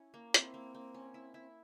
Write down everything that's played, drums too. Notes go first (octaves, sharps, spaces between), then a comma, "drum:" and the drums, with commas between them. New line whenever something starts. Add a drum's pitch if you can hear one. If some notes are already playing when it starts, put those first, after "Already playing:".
Already playing: C#4 E4
A#3
C4 E4, drum: hi-hat
A#3
A#3
C#4
E4
E4